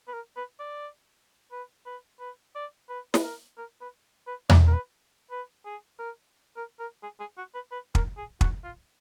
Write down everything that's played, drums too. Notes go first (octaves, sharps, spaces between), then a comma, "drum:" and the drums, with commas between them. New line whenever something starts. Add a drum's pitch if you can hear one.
B4
A#4
B4
D5
B4
B4
B4
D5
B4
B4, drum: snare
A#4
A#4
B4
B4
D5, drum: tom E2
A#4
B4
B4
G#4
A#4
A#4
A#4
G#4
G#4
F#4
B4
B4
A#4, drum: kick
G#4
F#4, drum: kick
F4